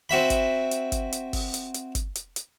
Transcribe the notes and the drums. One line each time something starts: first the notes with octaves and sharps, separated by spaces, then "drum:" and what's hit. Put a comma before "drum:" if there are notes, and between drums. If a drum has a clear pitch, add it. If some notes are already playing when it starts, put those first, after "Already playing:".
C4 F#4 E5 B5
drum: kick, hi-hat
drum: hi-hat
drum: kick, hi-hat
drum: hi-hat
drum: kick, open hi-hat
drum: hi-hat
drum: hi-hat
drum: kick, hi-hat
drum: hi-hat
drum: hi-hat